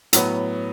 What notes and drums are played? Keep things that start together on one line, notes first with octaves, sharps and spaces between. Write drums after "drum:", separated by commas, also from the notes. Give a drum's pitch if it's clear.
A2 F#3 B3, drum: hi-hat